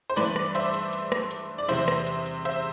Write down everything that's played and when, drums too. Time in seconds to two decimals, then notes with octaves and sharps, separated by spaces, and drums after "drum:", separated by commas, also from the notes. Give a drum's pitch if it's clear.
0.10 C5
0.16 G2 E3 B4 D5, drum: open hi-hat
0.36 drum: rim click
0.55 C5 E5, drum: hi-hat
0.74 drum: hi-hat
0.93 drum: hi-hat
1.12 drum: rim click
1.31 drum: hi-hat
1.58 D5
1.68 E2 C3 E3 C5 E5, drum: open hi-hat
1.88 drum: rim click
2.07 drum: hi-hat
2.26 drum: hi-hat
2.45 C5 E5, drum: hi-hat